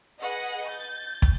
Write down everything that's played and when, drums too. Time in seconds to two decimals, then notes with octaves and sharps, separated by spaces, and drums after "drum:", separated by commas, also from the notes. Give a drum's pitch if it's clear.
0.19 G#4 B4 D#5 F#5
0.69 G6 A6
1.22 drum: kick